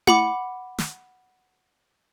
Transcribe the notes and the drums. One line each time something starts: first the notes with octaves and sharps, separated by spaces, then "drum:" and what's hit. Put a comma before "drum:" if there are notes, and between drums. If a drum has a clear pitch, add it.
F#5 B5 D6, drum: tom E4
drum: snare